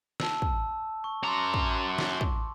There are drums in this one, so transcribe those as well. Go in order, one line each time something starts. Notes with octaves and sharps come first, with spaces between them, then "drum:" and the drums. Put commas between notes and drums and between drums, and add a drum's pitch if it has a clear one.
A5 E6, drum: snare
drum: kick
C#6
F#2 A#5 C6 D6
drum: kick
drum: snare
drum: kick